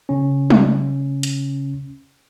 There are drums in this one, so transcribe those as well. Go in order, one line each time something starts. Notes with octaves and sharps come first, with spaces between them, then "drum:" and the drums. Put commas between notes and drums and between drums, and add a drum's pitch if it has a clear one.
C#3 C#4
drum: tom
drum: hi-hat